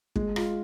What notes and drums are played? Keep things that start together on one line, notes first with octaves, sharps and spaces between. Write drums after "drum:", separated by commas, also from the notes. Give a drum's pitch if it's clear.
G#3, drum: kick
F4, drum: rim click